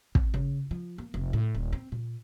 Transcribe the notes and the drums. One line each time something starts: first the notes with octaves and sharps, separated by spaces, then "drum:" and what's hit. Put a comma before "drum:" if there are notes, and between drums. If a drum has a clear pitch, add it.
C4, drum: kick
C#3
F3
A#3
F1
A2
D#1
C4
A#2